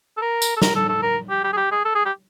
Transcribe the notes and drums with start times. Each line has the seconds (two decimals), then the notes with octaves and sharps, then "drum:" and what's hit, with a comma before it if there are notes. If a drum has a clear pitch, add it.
0.17 A4
0.22 A#4
0.42 drum: tambourine
0.57 A4
0.62 A#4, drum: snare
0.76 A4
0.89 A4
1.03 A#4
1.30 G4
1.44 G4
1.53 G#4
1.57 G4
1.72 G#4
1.85 A4
1.95 G#4
2.05 G4